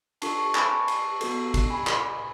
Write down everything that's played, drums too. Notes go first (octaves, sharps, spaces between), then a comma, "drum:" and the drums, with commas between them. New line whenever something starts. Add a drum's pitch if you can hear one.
D4 F4 A4 A5 C#6, drum: cymbal
A5 C#6
G#5 B5, drum: clap
A5 C#6
drum: cymbal
B3 F#4 A4, drum: cymbal
drum: kick, cymbal
G#5 B5
drum: clap